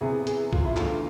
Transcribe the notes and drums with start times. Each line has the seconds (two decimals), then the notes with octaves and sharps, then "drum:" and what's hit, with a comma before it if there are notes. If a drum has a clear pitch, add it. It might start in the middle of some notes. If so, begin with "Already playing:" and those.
0.01 E2 C3 E3 B3 G#4
0.27 G#4, drum: hi-hat
0.53 F4, drum: kick
0.65 E4
0.76 E2 D3 A3 F4, drum: clap